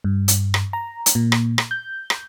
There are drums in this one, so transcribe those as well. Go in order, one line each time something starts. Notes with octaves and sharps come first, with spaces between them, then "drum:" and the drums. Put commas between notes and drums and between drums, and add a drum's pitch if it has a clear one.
G2
drum: hi-hat
drum: rim click
A#5
drum: hi-hat
A#2
drum: rim click
drum: rim click
G6
drum: rim click